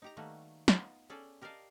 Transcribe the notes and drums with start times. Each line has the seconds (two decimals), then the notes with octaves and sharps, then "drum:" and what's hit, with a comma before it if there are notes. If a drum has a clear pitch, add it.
0.02 D#4 G4 A#5
0.17 D#3 G3 A3 A#3 F#4 B4
0.68 B3 D#4 F4 D#5, drum: snare
1.10 C#4 G#4 A4 D5 G5
1.41 G4 A#4 D5 D#5 F5 A5